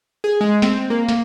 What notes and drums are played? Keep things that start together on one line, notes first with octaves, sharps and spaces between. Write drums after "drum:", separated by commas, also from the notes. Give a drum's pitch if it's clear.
G#4
G#3
C4, drum: snare
A#3
drum: snare